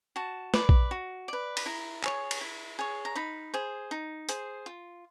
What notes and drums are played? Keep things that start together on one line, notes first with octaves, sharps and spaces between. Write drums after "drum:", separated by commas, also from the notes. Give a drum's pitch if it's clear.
F#4 A5
B4 D5, drum: snare
drum: kick A#1
F#4
B4 D5
B5, drum: cymbal
E4 A#5
G#4 C#5, drum: clap
drum: cymbal
E4
G#4 C#5
A#5
D#4 B5
G#4 C5
D#4
G#4 C5, drum: hi-hat
F4